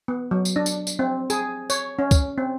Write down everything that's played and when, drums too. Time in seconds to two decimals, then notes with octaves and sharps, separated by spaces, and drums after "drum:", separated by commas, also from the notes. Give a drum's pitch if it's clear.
0.08 B3
0.31 F#3
0.45 drum: tambourine
0.56 D4
0.66 drum: tambourine
0.87 drum: tambourine
0.99 C4
1.30 G#4, drum: tambourine
1.70 C#5, drum: tambourine
1.99 C#4
2.11 drum: kick C#2, tambourine
2.38 C4